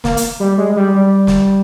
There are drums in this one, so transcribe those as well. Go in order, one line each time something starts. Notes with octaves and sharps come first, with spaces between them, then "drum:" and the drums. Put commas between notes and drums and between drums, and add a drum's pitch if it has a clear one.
A#3, drum: snare
drum: hi-hat
G3
G#3
G3
G3
drum: snare